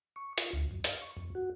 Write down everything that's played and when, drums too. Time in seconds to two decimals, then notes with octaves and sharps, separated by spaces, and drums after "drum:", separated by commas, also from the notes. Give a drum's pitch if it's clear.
0.16 C#6
0.38 F4, drum: hi-hat
0.53 D2
0.71 F#2
0.84 F5, drum: hi-hat
1.01 C#6
1.17 F2
1.35 F#4